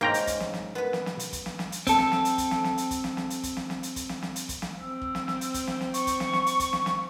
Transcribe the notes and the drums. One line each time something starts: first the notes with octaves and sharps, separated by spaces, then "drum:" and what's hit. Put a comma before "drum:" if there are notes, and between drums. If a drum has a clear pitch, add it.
G#2 A#3 C#4 G5 A#5
drum: hi-hat
drum: kick, hi-hat
drum: snare
drum: snare
B3 B4
drum: snare
drum: snare
drum: hi-hat
drum: kick, hi-hat
drum: snare
drum: snare
drum: hi-hat
C4 A4, drum: kick, hi-hat
drum: snare
drum: snare
drum: hi-hat
drum: kick, hi-hat
drum: snare
drum: snare
drum: hi-hat
drum: kick, hi-hat
drum: snare
drum: snare
drum: hi-hat
drum: kick, hi-hat
drum: snare
drum: snare
drum: hi-hat
drum: kick, hi-hat
drum: snare
drum: snare
drum: hi-hat
drum: kick, hi-hat
drum: snare
C4 E6
drum: kick
drum: snare
drum: snare
drum: hi-hat
drum: kick, hi-hat
drum: snare
drum: snare
C#6, drum: hi-hat
drum: kick, hi-hat
drum: snare
drum: snare
drum: hi-hat
drum: kick, hi-hat
drum: snare
drum: snare